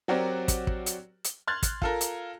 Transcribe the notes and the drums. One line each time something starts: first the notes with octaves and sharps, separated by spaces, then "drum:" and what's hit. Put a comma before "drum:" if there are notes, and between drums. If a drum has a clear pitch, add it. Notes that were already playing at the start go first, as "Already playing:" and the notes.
F#3 C4 F#4 G4 A#4 D5
drum: kick, hi-hat
drum: kick
drum: hi-hat
drum: hi-hat
C6 F6 F#6 G#6 A6
drum: kick, hi-hat
F4 A4 A#4, drum: kick
drum: hi-hat